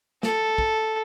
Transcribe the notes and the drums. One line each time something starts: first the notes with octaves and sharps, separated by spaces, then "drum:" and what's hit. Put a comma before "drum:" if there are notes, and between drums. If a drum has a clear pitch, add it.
A4, drum: snare
drum: kick